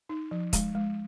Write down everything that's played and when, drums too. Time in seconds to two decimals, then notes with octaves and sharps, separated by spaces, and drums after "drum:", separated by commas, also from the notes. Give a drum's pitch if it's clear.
0.09 D#4
0.31 F3
0.53 G#3, drum: kick, hi-hat
0.75 G#3